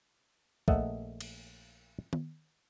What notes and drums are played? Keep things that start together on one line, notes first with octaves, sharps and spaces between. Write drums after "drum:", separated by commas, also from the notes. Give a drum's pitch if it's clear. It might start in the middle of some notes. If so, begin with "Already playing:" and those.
A#1 A3 D#5 E5 F#5, drum: kick
drum: cymbal
drum: tom D#3